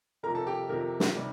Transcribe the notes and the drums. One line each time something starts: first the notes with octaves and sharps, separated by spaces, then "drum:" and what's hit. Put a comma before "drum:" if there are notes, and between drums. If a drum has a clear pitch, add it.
F2 C3 F3 A#4 A#5
A4 A5
G4 G5
F2 C3 F3 A#4
drum: snare
C3 D#3 G3